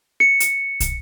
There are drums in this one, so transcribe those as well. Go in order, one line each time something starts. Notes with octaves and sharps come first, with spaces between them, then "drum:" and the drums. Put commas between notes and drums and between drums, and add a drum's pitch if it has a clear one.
C#7
drum: hi-hat
drum: kick, hi-hat